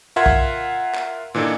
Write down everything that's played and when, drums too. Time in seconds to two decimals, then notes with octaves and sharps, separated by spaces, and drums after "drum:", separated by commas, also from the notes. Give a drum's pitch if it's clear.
0.16 F4 A#4 E5 F#5 C6 G#6
0.26 drum: kick B1
0.95 drum: clap
1.34 A#2 E3 D4 D#4 A4